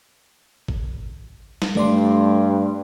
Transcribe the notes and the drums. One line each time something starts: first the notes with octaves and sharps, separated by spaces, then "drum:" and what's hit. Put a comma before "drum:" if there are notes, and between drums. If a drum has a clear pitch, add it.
drum: kick G#1
drum: snare
G2 A3 D5 C6, drum: tom D#3